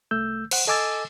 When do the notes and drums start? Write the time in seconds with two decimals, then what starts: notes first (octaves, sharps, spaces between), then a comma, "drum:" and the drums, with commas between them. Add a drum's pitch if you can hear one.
0.11 C2 A3 E6 G6
0.51 C5 F#5, drum: cymbal
0.67 A4 D#5 G#5 D6 E6 A6